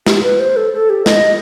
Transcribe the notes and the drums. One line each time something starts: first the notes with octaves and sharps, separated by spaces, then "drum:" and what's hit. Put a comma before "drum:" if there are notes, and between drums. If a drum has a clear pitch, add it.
G4, drum: snare
B4
C5
A4
A4
G4
D#5, drum: snare